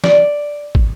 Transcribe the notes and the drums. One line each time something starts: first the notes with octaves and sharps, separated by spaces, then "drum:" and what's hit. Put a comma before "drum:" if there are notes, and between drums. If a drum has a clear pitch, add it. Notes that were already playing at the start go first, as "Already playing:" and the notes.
D5, drum: snare
drum: kick